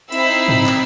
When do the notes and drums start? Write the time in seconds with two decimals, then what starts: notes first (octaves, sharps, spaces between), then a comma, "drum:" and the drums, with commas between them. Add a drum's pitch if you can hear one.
0.12 C4 D#4 E4 B5 E6 C7, drum: hi-hat
0.48 drum: tom G#2
0.66 drum: clap